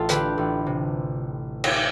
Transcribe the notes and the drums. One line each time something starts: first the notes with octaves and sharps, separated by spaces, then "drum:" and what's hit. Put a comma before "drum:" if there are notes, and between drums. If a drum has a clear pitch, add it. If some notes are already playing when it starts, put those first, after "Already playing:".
Already playing: A1 F4 A4
D3 G4 B4, drum: hi-hat
A1
C3
drum: cymbal